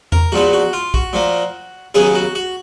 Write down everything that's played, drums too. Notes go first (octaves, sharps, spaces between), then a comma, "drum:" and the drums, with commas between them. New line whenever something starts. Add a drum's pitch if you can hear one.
A#4, drum: tom E2
A#1 A#2 F3 B3 F#4
F#4
F4
F#4, drum: kick
A#2 F3 A#3
D#2 C#3 F#3 B3 G#4
F#4
F#4